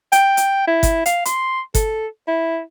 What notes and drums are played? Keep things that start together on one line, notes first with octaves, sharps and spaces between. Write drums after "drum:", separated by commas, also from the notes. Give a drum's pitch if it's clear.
G5, drum: hi-hat
drum: hi-hat
E4
drum: kick G1, hi-hat
F5, drum: hi-hat
C6, drum: hi-hat
A4, drum: kick G1, hi-hat
E4